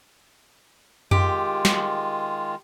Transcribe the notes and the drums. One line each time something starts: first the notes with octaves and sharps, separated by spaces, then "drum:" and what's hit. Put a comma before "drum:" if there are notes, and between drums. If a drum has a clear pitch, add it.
D#3 G#3 F4 G4, drum: tom F2
drum: snare